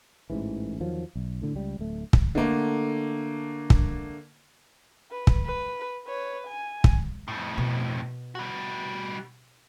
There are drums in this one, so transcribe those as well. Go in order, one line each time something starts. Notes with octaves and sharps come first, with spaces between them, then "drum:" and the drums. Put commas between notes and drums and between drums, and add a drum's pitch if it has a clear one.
A1 G#2 E3
E2 D#3 F3 F#3
B1
A2 D3
C#2 G3
D1 A3
drum: kick
D3 A3 A#3
drum: kick
B4
drum: kick
B4
B4 C#5
G#5
drum: kick
F2 A2
B2
G3 F#4